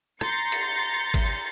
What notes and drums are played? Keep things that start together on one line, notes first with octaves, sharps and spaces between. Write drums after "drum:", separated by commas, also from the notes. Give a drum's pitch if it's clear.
A#5 C6 G6 A6 C#7, drum: rim click
drum: cymbal
drum: kick G#1, cymbal